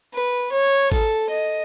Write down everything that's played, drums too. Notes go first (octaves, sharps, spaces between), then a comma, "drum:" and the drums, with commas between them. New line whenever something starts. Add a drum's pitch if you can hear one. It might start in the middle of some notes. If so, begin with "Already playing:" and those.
B4
C#5
A4, drum: kick G#1
D#5